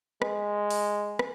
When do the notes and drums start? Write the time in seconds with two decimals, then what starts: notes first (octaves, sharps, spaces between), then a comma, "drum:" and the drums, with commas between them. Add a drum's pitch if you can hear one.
0.22 G#3, drum: rim click
0.70 drum: open hi-hat
1.19 drum: rim click